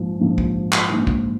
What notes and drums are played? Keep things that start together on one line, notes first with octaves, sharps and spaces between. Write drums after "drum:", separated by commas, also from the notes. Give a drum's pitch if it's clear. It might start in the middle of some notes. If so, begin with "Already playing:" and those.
Already playing: A#1 G#2 F3
A#1 G#2 F3
drum: kick
drum: clap
A#1 G#2 F3
drum: kick